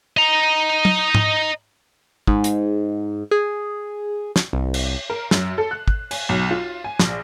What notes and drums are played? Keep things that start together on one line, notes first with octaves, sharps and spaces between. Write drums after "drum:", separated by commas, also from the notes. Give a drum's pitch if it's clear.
D#5 A#5
drum: tom
drum: tom G#2
G#2, drum: kick
drum: hi-hat
G#4
drum: snare
C2
drum: cymbal
A#4
F#2, drum: snare
A4
F#6
drum: kick
G#5, drum: cymbal
B1
F4
G#5
A#1, drum: snare